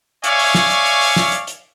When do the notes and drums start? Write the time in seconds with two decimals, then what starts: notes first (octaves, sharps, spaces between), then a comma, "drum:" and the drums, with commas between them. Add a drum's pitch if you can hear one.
0.24 C#5 D5 E5 F5 G#5 C#6, drum: hi-hat
0.39 drum: open hi-hat
0.55 drum: snare
0.70 drum: hi-hat
0.86 drum: hi-hat
1.01 drum: open hi-hat
1.16 drum: snare
1.32 drum: hi-hat
1.47 drum: hi-hat